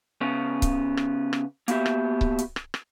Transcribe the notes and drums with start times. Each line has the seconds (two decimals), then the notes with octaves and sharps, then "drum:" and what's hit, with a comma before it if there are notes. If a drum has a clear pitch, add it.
0.21 C#3 B3 C#4
0.62 drum: kick C#1, hi-hat
0.97 drum: rim click
1.33 drum: rim click
1.68 A#3 B3 F#4 G4 E5, drum: hi-hat
1.86 drum: rim click
2.21 drum: kick C#1
2.39 drum: hi-hat
2.56 drum: rim click
2.74 drum: rim click